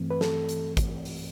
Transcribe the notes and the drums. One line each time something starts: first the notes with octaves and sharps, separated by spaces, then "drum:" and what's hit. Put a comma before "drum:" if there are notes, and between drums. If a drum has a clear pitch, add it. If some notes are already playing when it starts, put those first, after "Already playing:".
Already playing: G2 E3 A3 C4
B4
A4, drum: snare
drum: hi-hat
drum: kick, hi-hat
drum: open hi-hat